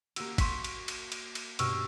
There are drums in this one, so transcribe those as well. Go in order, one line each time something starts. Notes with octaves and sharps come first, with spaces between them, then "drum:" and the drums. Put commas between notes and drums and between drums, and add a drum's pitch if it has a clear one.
A#3 F#4 G4 E6, drum: cymbal
C6 C#6 B6, drum: kick, cymbal
drum: cymbal
drum: cymbal
drum: cymbal
drum: cymbal
G2 B2 C#6 E6 F6, drum: cymbal